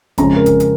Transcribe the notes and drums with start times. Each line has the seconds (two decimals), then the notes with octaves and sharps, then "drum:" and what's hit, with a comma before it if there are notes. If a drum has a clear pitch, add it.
0.18 F2 C#3 G#3 C#4 A#5, drum: kick G#1, hi-hat
0.36 A#4
0.46 drum: kick G#1, hi-hat
0.60 drum: hi-hat